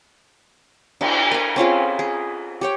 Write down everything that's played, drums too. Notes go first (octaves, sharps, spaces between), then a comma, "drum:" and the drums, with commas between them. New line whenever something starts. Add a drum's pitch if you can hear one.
D4, drum: cymbal
A#4 G#5
C4 C#4 F4 G#4
G#4
G4 C#5 G5